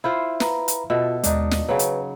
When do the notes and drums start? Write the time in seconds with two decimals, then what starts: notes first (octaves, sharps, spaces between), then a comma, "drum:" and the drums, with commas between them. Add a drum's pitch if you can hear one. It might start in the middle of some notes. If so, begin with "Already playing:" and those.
0.04 E4 F4 C5
0.40 B4 A#5 B5, drum: snare
0.68 drum: hi-hat
0.90 B2 F4 A4 E5
1.24 D#2 G#3 D4 D#4, drum: hi-hat
1.51 drum: snare
1.69 C#3 F#3 B4
1.79 drum: hi-hat